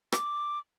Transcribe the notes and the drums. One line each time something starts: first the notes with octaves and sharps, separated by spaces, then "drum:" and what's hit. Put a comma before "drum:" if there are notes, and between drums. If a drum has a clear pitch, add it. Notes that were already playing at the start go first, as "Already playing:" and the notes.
D6, drum: rim click